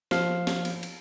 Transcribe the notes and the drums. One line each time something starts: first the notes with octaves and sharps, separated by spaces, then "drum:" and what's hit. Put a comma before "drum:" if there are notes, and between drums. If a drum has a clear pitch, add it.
F3 F5, drum: snare
drum: snare
drum: cymbal
drum: cymbal